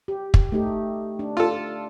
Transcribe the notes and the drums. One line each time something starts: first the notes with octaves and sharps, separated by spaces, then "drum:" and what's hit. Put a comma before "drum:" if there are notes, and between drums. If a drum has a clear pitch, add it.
G4
drum: kick
A3 D#4 G4
D4
F4 A4